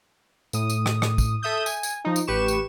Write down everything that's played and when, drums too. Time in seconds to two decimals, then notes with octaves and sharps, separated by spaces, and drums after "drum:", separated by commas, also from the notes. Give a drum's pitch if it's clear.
0.53 A2 D#6, drum: tambourine
0.70 drum: tambourine
0.86 drum: rim click
1.02 drum: rim click
1.18 drum: kick, tambourine
1.42 A4 E5 D#6 G6
1.66 G#5, drum: tambourine
1.83 drum: tambourine
2.04 F3 D#4
2.16 drum: tambourine
2.27 A1 G4 B4 C#6 E7
2.48 drum: tambourine